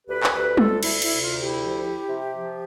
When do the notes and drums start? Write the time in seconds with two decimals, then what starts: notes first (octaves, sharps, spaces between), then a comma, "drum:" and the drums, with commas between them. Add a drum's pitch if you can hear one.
0.07 D2 G4 B4
0.23 drum: clap
0.32 D2 G4 B4
0.57 D2 F4 A4, drum: tom G3
0.83 D2 E4, drum: cymbal
1.02 E4, drum: cymbal
1.08 C3
1.20 F4
1.32 D2
1.38 E4 G4
1.57 F3
1.83 E4
2.08 C3
2.32 F3